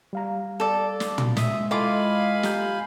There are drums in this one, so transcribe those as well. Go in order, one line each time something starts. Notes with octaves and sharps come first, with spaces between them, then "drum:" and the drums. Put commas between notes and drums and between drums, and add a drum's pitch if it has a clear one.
G3 F5 A#5
A4 D5
drum: snare
drum: tom
D2 G#3 E5 D#6, drum: snare
E4 F4 A4 D#5 F5 G#5 B5 D6
G4 A#5 G6, drum: snare